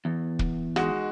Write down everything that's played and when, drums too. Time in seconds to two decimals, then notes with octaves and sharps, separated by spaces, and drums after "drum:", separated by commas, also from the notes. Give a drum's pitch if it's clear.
0.05 E2
0.39 drum: kick
0.76 G#3 D#4 F#4, drum: rim click